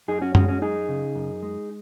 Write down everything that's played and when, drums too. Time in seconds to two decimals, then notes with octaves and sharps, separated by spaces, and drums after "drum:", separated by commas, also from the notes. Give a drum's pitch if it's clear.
0.08 F#2 D#4 G#4
0.21 C#4 F#4
0.35 G#3 C#4 F#4, drum: tom F#2
0.48 C#4 F#4
0.62 F#2 D#4 G#4
0.89 C#3
1.15 F#2
1.43 G#3